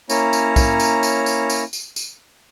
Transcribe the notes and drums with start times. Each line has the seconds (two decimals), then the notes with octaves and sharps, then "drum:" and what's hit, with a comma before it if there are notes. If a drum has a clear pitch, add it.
0.10 A#3 C#4 E4 C#5 A#5, drum: tambourine
0.33 drum: tambourine
0.56 drum: kick B1, tambourine
0.80 drum: tambourine
1.03 drum: tambourine
1.26 drum: tambourine
1.50 drum: tambourine
1.73 drum: tambourine
1.96 drum: tambourine